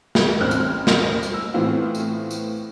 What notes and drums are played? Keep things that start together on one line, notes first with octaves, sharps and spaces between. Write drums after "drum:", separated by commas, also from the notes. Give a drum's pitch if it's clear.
G#3, drum: snare
A1 C4 F6 F#6
drum: tambourine
drum: snare
drum: tambourine
E6
A2 E3 B3 C4 F4
drum: tambourine
drum: tambourine